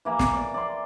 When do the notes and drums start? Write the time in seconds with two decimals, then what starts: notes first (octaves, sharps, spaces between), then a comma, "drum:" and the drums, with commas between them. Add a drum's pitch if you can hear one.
0.05 E3 A#3
0.19 drum: snare
0.33 D5
0.54 D5 C6